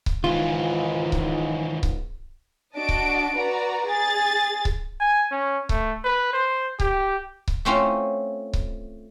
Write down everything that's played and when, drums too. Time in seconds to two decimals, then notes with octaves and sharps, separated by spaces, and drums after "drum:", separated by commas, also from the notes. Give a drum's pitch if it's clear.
0.06 drum: kick C#1
0.24 C#2 G#2 D#3 E3 F4
1.12 drum: kick C#1
1.83 drum: kick C#1
2.76 D4 F#4 D#5 A5 D7
2.89 drum: kick C#1
3.36 F#4 B4 D5 A#5
3.87 G#4 A6
4.65 drum: kick C#1
5.00 G#5
5.31 C#4
5.69 A3, drum: kick C#1
6.04 B4
6.33 C5
6.80 G4, drum: kick C#1
7.48 drum: kick C#1
7.65 A3 C4 C#4 F4
8.53 drum: kick C#1